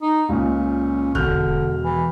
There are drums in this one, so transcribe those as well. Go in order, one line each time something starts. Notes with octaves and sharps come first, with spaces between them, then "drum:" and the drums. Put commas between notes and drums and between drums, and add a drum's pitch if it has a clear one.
D#4
C#2 A#2 C#4
E1 D3 F6 G6, drum: kick
E3